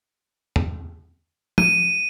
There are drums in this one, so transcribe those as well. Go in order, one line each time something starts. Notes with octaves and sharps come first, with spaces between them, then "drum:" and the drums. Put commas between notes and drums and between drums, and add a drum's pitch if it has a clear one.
drum: tom E2
D#7, drum: tom